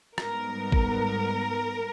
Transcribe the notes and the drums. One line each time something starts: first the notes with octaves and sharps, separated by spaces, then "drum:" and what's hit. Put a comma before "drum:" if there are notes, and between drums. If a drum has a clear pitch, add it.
G#2 G3 B3 A#4, drum: rim click
drum: kick